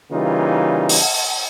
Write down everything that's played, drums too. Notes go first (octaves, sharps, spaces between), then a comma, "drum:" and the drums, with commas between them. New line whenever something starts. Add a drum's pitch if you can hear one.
C#3 E3 G3 A#3 D#4 F4
drum: open hi-hat